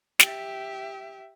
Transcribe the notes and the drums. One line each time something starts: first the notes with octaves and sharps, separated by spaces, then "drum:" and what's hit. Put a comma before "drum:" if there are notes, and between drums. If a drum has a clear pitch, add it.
G4 E5, drum: snare